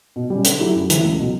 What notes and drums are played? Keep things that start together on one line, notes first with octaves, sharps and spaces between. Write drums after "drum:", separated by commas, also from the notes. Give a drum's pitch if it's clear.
B2
G3 C#4
D3, drum: hi-hat
F#3 A3 E4 G4
F#2
E3 A3 E4, drum: hi-hat
C#2
B2 F#3